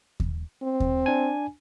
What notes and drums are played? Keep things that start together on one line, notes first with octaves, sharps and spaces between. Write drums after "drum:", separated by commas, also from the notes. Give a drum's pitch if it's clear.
drum: kick D#2
C4
drum: kick D#2
D4 G#5